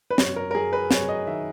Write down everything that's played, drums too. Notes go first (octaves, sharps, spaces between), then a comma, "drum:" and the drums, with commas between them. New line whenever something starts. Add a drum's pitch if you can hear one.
B4
F#2 C#5, drum: snare
A#4
A#4
F#3 G#4
B4
F#3 C#5, drum: snare
D#5
D#3 E5